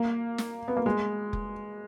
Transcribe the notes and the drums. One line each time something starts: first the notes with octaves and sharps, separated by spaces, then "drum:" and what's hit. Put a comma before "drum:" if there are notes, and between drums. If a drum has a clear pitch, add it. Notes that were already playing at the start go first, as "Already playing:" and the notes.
Already playing: A#3
drum: snare
B3
A#3
G#3
drum: kick F1